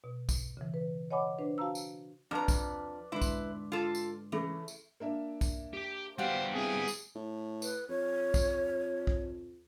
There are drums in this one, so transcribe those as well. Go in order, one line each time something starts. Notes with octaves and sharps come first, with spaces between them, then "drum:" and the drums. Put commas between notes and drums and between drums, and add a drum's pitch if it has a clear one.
B2
drum: kick, tambourine
C#3 E3
B4
C#5 D#5 F#5 G#5 B5 D6
D4 B4 C5
F#4 F5 A5 A#5 E6
drum: tambourine
F2 D4 A4 B4 D5 A#5 F6
drum: kick, tambourine
G#2 D3 E4 B4 C6
drum: kick, tambourine
F4 A4
drum: tambourine
C#3 E3 A3
drum: tambourine
A#3 D4 E5
drum: kick, tambourine
G4 G5
G3 B3 F#4 G4 C5 F5
C4 E4 G#4
drum: tambourine
A2
B4, drum: tambourine
F2 C#5
drum: kick, tambourine
drum: kick